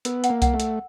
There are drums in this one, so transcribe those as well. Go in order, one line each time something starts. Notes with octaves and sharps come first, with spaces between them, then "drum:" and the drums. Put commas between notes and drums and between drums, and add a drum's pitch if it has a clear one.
B3 A#4, drum: hi-hat
F#5, drum: hi-hat
A#3
F#5, drum: kick C2, hi-hat
A3
A#4, drum: hi-hat